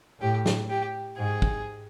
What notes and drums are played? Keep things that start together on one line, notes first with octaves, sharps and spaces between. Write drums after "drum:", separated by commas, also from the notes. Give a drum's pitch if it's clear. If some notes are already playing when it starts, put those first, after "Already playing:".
A2 G4
drum: snare
G4
G#2 G#4
drum: kick